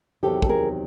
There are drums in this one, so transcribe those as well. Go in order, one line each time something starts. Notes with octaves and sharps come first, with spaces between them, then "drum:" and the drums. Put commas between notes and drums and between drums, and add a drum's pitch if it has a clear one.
E2 C3 D#3 F#3 G4 A4
A4, drum: kick
G#4 A#4